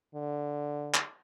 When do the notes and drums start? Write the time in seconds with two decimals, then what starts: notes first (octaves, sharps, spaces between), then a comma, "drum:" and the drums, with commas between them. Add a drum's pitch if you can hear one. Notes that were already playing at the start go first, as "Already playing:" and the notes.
0.15 D3
0.94 drum: clap